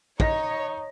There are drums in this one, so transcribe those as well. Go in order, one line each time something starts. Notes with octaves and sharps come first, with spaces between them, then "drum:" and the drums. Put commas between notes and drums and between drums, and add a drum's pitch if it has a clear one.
D#4 C#5 D#5 A#6, drum: kick